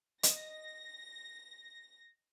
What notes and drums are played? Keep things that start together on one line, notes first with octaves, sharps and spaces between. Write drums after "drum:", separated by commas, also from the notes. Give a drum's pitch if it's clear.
D#5 A#6, drum: hi-hat